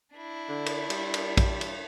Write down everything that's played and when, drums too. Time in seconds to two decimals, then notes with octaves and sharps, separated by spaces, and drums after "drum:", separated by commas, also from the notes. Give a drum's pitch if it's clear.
0.15 D4 E4
0.49 D3
0.66 drum: cymbal
0.90 G3, drum: cymbal
1.14 drum: cymbal
1.37 drum: kick, cymbal
1.61 drum: cymbal